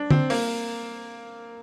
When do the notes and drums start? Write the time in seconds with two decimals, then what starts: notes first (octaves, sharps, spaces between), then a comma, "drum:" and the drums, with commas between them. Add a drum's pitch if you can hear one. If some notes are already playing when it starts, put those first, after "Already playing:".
Already playing: D4
0.10 C4, drum: tom
0.30 A#3, drum: open hi-hat